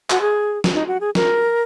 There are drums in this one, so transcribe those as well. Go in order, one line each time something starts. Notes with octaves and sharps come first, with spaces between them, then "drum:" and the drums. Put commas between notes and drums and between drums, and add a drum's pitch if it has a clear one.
F#4, drum: clap
G#4
drum: snare
D#4
F#4
G#4
A#4, drum: snare